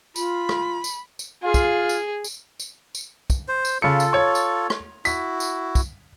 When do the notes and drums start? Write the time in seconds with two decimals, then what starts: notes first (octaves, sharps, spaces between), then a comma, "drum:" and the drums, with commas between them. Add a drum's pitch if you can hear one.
0.16 F4 B5, drum: tambourine
0.49 drum: rim click
0.84 drum: tambourine
1.19 drum: tambourine
1.43 F4 G#4
1.54 drum: kick, tambourine
1.89 drum: tambourine
2.24 drum: tambourine
2.60 drum: tambourine
2.95 drum: tambourine
3.30 drum: kick, tambourine
3.48 C5
3.65 drum: tambourine
3.82 C#3 F4 A4 C#7
4.00 drum: tambourine
4.13 C#5 C#6
4.35 drum: tambourine
4.70 drum: rim click
5.05 E4 F#4 B6, drum: tambourine
5.40 drum: tambourine
5.75 drum: kick, tambourine